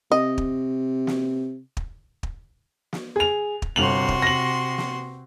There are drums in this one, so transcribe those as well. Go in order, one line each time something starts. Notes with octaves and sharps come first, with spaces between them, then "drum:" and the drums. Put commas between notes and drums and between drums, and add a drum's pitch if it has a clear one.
C3 D#5
drum: kick
drum: snare
drum: kick
drum: kick
drum: snare
G#4 F7
drum: kick
G1 C3 F#4 C6 F7 F#7
drum: kick
A#6 F#7
drum: snare